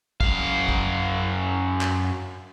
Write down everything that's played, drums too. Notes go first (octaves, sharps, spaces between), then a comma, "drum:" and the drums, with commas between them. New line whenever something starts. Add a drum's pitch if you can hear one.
F#2 F5, drum: kick
drum: kick
drum: clap